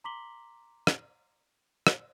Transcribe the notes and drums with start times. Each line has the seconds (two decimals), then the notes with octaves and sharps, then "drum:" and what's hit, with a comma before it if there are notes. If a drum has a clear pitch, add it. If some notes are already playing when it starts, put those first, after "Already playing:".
0.04 A#5 C6 D6 B6 F#7 G7
0.87 drum: rim click
1.87 drum: rim click